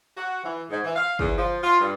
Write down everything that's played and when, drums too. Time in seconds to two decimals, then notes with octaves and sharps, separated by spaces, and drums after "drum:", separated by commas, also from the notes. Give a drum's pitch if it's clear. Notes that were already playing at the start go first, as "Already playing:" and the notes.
0.17 F#4
0.44 E3
0.70 G#2
0.84 E3
0.96 F5
1.19 E2, drum: kick
1.38 F3
1.63 F4
1.81 G2